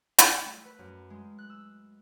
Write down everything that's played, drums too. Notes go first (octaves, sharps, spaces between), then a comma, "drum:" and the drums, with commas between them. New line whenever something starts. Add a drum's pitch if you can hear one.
G#4, drum: hi-hat
A3
B4
F#2
G#3
F#6
E6